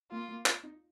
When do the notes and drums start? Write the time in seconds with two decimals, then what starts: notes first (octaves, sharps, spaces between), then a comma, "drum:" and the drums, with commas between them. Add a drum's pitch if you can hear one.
0.11 A#3 F4
0.28 A#3
0.46 F4, drum: clap
0.63 D#4